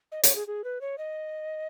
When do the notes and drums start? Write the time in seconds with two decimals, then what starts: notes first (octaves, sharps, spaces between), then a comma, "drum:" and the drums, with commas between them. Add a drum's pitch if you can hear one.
0.12 D#5
0.23 C#5, drum: hi-hat
0.35 G#4
0.47 G#4
0.64 B4
0.81 C#5
0.98 D#5